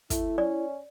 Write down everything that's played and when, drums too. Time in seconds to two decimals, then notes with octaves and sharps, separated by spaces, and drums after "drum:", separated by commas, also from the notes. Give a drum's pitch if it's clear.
0.10 A3 E4, drum: kick, hi-hat
0.38 C#4 D5